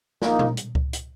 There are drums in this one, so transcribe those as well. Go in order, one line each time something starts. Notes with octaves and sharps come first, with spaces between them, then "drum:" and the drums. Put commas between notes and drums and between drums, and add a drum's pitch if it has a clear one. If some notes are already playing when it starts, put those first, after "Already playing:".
A#1 A#2 A#3 D#4, drum: snare
drum: tom A#2
drum: hi-hat
drum: kick C#2
drum: hi-hat